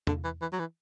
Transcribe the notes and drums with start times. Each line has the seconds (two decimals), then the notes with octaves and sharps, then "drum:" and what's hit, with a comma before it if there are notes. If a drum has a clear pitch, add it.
0.07 D3, drum: tom E2
0.24 E3
0.41 E3
0.52 F#3
0.59 E3